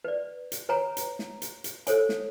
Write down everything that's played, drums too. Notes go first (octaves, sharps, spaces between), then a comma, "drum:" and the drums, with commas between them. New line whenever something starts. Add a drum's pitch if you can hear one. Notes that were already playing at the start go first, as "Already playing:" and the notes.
B4 D5
drum: hi-hat
B4 C#5 G#5 A#5
drum: hi-hat
drum: snare
drum: hi-hat
drum: hi-hat
A4 C5 C#5 G#5, drum: hi-hat
drum: snare